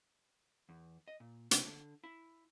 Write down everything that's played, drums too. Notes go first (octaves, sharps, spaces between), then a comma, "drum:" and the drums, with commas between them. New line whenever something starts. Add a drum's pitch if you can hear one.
E2
D#5
A#2
C3, drum: hi-hat
D3
E4